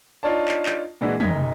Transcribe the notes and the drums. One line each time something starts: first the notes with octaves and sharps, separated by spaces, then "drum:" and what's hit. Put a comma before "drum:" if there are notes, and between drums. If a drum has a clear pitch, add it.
D4 D#4 F4 C#5 D5 A5
drum: clap
drum: clap
A#2 E3 G#3 D4 E4 F#4
F#1 F#2 D#4 D#5 G#6 B6, drum: tom